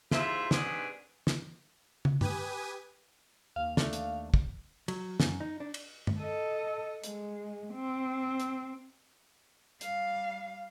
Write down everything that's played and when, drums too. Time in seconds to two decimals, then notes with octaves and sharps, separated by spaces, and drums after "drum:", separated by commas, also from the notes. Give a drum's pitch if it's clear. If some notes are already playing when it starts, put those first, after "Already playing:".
0.11 D#2 G#2 F3 E4 F4 E5, drum: snare
0.51 G#2 C3 D#3 B3 D4 G#4, drum: snare
1.27 drum: snare
2.05 drum: tom
2.21 G4 B4 G#5 D#6, drum: tom G2
3.56 D#2 F5
3.77 A3 D4, drum: snare
3.93 drum: hi-hat
4.34 drum: kick
4.88 F#3, drum: cymbal
5.20 F#2, drum: snare
5.40 D#4
5.60 D4
5.74 drum: cymbal
6.07 drum: tom G2
6.19 A4 D#5
7.04 G#3, drum: hi-hat
7.74 C4
8.40 drum: hi-hat
9.81 G3 F5, drum: hi-hat